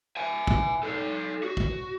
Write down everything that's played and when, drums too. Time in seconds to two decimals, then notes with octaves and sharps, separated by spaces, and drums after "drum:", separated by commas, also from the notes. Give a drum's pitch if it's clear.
0.17 E5 G#5
0.47 drum: kick
0.83 D#4 A4
1.43 F#4
1.57 drum: kick